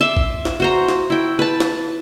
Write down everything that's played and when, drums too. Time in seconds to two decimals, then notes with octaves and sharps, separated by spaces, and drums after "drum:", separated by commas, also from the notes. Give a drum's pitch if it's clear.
0.01 E5 C6 D6
0.17 drum: kick A1
0.45 drum: snare
0.60 F#4 C5 A#5
0.89 drum: snare
1.10 E4 G5
1.39 B4 A5
1.60 drum: snare